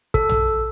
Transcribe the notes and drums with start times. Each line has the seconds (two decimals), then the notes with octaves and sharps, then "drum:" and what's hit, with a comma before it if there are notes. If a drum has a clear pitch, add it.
0.14 A4, drum: kick
0.29 drum: tom A#1